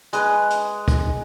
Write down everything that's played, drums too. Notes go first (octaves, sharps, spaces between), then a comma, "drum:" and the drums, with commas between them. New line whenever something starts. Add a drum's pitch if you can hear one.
G#3 B4, drum: hi-hat
drum: hi-hat
drum: kick, hi-hat